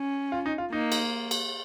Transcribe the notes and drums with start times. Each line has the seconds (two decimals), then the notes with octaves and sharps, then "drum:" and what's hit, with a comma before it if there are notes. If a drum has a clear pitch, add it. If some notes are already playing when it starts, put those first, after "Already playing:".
Already playing: C#4
0.32 F4
0.46 D#4
0.58 F4
0.72 A#3 D#4
0.92 drum: cymbal
1.31 drum: cymbal